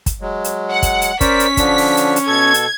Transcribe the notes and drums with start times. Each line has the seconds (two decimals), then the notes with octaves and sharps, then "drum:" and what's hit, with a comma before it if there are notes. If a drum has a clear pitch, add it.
0.06 drum: kick, hi-hat
0.21 F#3 G#3
0.44 drum: hi-hat
0.71 F#5
0.83 drum: kick, hi-hat
1.02 drum: hi-hat
1.21 C#4 A#4 C5 D5 B6, drum: kick, hi-hat
1.40 drum: hi-hat
1.57 D3 F3 D4, drum: kick, hi-hat
1.78 drum: open hi-hat
1.97 drum: hi-hat
2.16 drum: hi-hat
2.27 B2 A4 G#6
2.54 drum: hi-hat